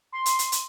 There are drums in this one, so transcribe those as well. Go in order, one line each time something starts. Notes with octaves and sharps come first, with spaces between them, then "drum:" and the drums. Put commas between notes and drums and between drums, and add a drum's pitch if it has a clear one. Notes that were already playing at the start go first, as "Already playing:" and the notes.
C6
drum: hi-hat
drum: hi-hat
drum: hi-hat